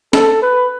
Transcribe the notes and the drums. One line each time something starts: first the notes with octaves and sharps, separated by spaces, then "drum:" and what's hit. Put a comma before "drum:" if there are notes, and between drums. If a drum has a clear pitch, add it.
A4, drum: snare
B4